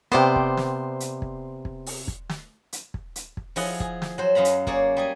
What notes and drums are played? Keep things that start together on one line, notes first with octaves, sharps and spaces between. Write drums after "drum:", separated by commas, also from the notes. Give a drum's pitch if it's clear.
C3 B3 C5 D5 G5
drum: kick
drum: snare
drum: hi-hat
drum: kick
drum: kick
drum: open hi-hat
drum: kick
drum: snare
drum: hi-hat
drum: kick
drum: hi-hat
drum: kick
F3 E4 G#4 D#5 F#5, drum: open hi-hat
G#4, drum: kick
drum: snare
F#3 C5
F#2 D#5 F5 A#5 B5
drum: hi-hat
A#3 G#4 C#5 D5, drum: kick
G3 G#4 G#5